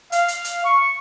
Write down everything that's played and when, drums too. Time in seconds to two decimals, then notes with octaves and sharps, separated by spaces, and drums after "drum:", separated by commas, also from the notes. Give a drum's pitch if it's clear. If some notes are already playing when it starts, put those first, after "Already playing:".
0.12 F5, drum: hi-hat
0.28 drum: hi-hat
0.45 drum: hi-hat
0.64 C#6